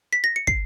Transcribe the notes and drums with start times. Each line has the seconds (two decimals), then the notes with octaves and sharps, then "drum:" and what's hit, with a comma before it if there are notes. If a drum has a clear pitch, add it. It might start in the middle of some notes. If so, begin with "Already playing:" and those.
0.13 B6
0.24 A#6
0.36 C#7
0.47 C7, drum: kick